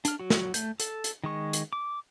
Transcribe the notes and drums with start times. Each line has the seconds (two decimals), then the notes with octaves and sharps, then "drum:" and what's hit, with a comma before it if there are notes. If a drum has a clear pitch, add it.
0.05 D4 F6, drum: hi-hat
0.19 F#3 F#4
0.30 drum: snare
0.54 A3 G6, drum: hi-hat
0.80 A4, drum: hi-hat
1.04 drum: hi-hat
1.23 D#3 G#3 C#6
1.53 drum: hi-hat
1.73 D6